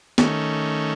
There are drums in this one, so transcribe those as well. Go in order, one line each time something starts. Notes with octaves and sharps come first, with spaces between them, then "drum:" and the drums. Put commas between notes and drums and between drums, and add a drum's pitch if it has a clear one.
D#3 A3 C#4, drum: snare